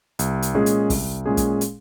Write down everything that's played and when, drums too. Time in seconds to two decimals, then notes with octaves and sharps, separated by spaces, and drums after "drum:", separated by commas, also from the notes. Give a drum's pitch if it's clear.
0.19 C2, drum: hi-hat
0.42 drum: hi-hat
0.55 A#2 G#3 C#4 G#4
0.66 drum: hi-hat
0.90 C2, drum: kick, open hi-hat
1.26 A#2 G#3 C#4 G#4
1.37 drum: kick, hi-hat
1.61 drum: hi-hat